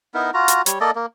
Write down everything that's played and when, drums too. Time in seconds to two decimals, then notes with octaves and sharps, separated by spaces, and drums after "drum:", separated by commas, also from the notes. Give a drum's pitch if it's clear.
0.14 B3 D#4 E4 A#4
0.34 F4 F#4 A#5
0.48 drum: hi-hat
0.66 G3 C#5, drum: hi-hat
0.80 A#3 A4 D5 D#5
0.95 A#3